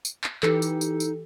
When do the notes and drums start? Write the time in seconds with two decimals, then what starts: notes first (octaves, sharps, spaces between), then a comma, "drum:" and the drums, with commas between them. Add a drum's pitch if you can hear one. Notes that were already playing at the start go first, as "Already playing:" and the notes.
0.05 drum: tambourine
0.24 drum: clap
0.43 E3 D#4 G4 A4, drum: clap
0.62 drum: tambourine
0.81 drum: tambourine
1.00 drum: tambourine